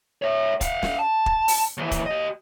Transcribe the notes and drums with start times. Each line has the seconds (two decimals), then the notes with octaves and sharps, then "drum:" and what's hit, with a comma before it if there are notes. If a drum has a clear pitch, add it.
0.22 C#5 E5
0.61 F5 F#5, drum: kick, hi-hat
0.83 drum: snare
0.99 A5
1.26 drum: kick
1.48 drum: open hi-hat
1.78 D#2 E3
1.91 drum: kick, hi-hat
2.06 G4 D#5